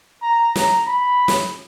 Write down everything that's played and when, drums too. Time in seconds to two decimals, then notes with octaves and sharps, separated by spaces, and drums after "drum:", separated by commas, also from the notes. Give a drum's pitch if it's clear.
0.22 A#5
0.56 A#5, drum: snare
0.87 B5
1.28 drum: snare